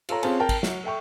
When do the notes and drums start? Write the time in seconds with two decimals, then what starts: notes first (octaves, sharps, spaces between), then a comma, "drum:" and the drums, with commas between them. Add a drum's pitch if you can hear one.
0.09 F4 A4 C#5 A#5, drum: cymbal
0.23 C4 C#4 F4 G#4 C#5 A5, drum: cymbal
0.40 A#4 G5 A5
0.49 drum: kick, cymbal
0.63 F#3, drum: snare
0.84 A4 E5 G5 C#6